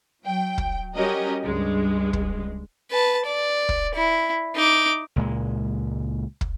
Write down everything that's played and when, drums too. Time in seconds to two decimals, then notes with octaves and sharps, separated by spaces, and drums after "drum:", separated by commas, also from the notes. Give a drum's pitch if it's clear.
0.23 F#3 G5
0.58 drum: kick
0.96 G3 C#4 F#4 G4 A#4 D#5
1.43 C#2 G2 G#3
2.13 drum: kick
2.91 B4 A5
3.26 D5
3.69 drum: kick
3.95 E4
4.55 D#4 D6
5.16 C#2 A#2 G#3
6.41 drum: kick